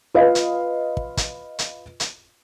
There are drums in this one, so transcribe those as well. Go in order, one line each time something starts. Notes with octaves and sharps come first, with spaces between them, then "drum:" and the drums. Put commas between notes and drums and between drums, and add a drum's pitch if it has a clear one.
F4 B4 D#5 F5
drum: hi-hat
drum: kick
drum: kick, hi-hat
drum: hi-hat
drum: hi-hat